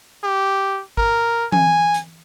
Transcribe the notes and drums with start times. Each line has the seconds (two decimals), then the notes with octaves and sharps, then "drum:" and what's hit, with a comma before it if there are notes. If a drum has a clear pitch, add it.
0.23 G4
0.97 A#4, drum: kick
1.52 G#5, drum: tom E3
1.94 drum: hi-hat